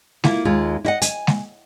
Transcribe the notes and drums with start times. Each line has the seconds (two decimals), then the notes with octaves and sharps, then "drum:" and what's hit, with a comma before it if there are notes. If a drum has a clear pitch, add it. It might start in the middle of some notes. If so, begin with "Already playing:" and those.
0.24 A#3 E4 F4, drum: snare G#3
0.45 D#2 G#3 F4
0.85 E4 D#5 F#5
1.02 G#5, drum: hi-hat
1.27 drum: snare G#3